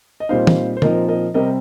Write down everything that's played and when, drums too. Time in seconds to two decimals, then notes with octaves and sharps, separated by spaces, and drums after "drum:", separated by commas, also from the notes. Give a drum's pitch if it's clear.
0.20 D#5
0.29 A#2 G3 C4 D#4 C5 F5
0.47 drum: tom
0.77 C5
0.82 A#2 F3 C4 D#4 A#4 D#5, drum: tom
1.09 A#4 D#5
1.34 C3 G3 C4 A#4 D#5